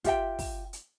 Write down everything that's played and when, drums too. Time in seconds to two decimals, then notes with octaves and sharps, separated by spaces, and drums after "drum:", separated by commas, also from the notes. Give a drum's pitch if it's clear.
0.04 F4 G4 E5 G5, drum: kick, hi-hat
0.39 drum: kick, open hi-hat
0.73 drum: hi-hat